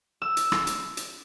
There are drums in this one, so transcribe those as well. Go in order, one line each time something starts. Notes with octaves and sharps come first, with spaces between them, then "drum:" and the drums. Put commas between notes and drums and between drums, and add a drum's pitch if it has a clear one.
E6
drum: hi-hat
drum: rim click
drum: hi-hat
drum: hi-hat